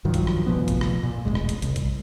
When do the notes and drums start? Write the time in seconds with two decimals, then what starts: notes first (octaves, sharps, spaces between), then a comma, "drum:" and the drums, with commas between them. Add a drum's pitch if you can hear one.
0.05 G2 D#3 F3 F#3
0.14 drum: kick A#1, hi-hat
0.27 drum: rim click
0.46 F1 A#2 F3 B3
0.68 drum: kick A#1, hi-hat
0.81 drum: rim click
1.03 A#2
1.25 E1 A1 F#2 G#3
1.35 drum: rim click
1.49 drum: hi-hat
1.62 C2, drum: hi-hat
1.76 drum: kick A#1, hi-hat